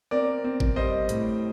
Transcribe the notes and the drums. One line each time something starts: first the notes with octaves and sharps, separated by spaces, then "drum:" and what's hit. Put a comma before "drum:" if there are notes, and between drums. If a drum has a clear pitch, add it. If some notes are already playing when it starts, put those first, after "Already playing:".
C4 A#4 D5
C4
drum: kick G1
G3 C5 D#5
A2, drum: hi-hat